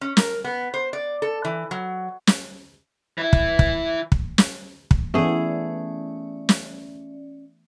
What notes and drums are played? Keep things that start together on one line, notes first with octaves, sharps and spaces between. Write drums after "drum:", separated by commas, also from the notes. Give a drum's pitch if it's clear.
C#4
A#4, drum: snare
B3
C5
D5
A4
E3
F#3
drum: snare
E3 E4
drum: kick
drum: kick
drum: kick
drum: snare
drum: kick
E3 A3 B3 C#4 G#4 D5
drum: snare